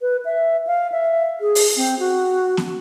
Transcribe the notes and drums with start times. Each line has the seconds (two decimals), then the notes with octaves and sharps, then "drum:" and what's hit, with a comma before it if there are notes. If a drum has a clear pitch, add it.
0.01 B4
0.25 E5
0.67 F5
0.92 E5
1.41 G#4
1.55 drum: open hi-hat
1.76 C4
1.99 F#4
2.57 drum: snare B3